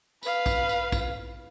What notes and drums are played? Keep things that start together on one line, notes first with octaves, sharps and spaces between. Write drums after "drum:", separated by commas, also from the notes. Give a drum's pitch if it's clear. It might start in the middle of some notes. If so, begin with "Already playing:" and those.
B4 F5, drum: tambourine
drum: kick A#1, tambourine
drum: tambourine
drum: kick A#1, tambourine